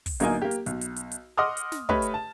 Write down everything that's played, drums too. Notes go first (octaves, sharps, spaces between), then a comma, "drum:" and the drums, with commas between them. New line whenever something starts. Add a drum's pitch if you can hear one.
drum: kick, open hi-hat
G1 F#3 A#3 D#4 G#5, drum: hi-hat
A#3 G4
drum: hi-hat
B1, drum: hi-hat
drum: hi-hat
drum: hi-hat
drum: hi-hat
D#5 F#5 C6 D6 D#6 F6
drum: hi-hat
drum: snare
A3 G4 B4 C#5 D#5, drum: kick
drum: hi-hat
A5